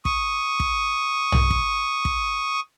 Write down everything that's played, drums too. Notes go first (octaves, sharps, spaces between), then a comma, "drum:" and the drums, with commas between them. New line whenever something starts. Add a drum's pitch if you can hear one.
C#6 D#6, drum: kick
drum: kick
drum: tom
drum: kick
drum: kick